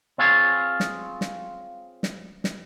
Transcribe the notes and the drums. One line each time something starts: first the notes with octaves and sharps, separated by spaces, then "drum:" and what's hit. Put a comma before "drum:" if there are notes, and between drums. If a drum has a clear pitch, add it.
C4 F4 G#4 C#5
drum: snare
drum: snare
drum: snare
drum: snare